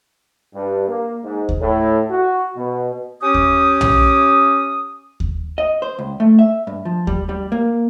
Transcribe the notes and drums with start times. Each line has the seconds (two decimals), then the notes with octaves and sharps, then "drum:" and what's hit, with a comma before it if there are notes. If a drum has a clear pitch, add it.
0.54 G2
0.88 A#3
1.24 G#2
1.49 drum: kick D#2
1.61 A2
2.10 F#4
2.57 B2
3.23 C#4 G4 D#6
3.34 drum: kick D#2
3.81 drum: tom
5.20 drum: kick D#2
5.58 D#5
5.82 C5
5.99 C#2
6.20 A3
6.39 E5
6.67 G2
6.85 F3
7.07 G3, drum: kick D#2
7.29 G3
7.52 A#3